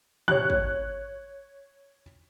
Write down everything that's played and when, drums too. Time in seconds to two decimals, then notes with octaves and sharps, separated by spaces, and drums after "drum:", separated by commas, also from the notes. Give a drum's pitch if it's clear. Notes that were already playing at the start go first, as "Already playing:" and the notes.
0.28 C#5 F#6, drum: tom
0.50 drum: kick